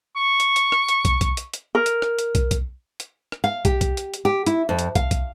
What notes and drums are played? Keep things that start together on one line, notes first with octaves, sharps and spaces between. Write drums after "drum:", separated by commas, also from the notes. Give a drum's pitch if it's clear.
C#6
drum: hi-hat
drum: hi-hat
drum: rim click
drum: hi-hat
drum: kick, hi-hat
drum: kick, hi-hat
drum: hi-hat
drum: hi-hat
A#4
drum: hi-hat
drum: rim click
drum: hi-hat
drum: kick, hi-hat
drum: kick, hi-hat
drum: hi-hat
drum: rim click
F5
G4, drum: kick, hi-hat
drum: kick, hi-hat
drum: hi-hat
drum: hi-hat
G4
E4, drum: hi-hat
F2
drum: hi-hat
F5, drum: kick, hi-hat
drum: kick, hi-hat